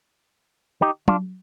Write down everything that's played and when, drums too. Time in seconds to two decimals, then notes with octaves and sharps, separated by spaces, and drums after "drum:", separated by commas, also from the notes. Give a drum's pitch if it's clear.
0.82 D#4 G4
1.08 D4 F4, drum: tom F#3